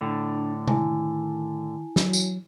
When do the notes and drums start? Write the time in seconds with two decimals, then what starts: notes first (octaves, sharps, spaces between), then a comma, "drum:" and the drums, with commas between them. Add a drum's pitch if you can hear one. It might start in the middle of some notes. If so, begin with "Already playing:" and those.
0.01 A2 D3 D4
0.67 D#3 E4 G#5 A5, drum: tom C3
1.96 F#3, drum: snare
2.13 drum: tambourine